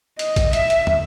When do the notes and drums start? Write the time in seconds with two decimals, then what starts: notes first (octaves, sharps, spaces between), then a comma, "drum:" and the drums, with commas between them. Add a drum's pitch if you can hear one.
0.19 D#5, drum: hi-hat
0.36 drum: kick, hi-hat
0.53 E5, drum: hi-hat
0.70 drum: hi-hat
0.87 drum: tom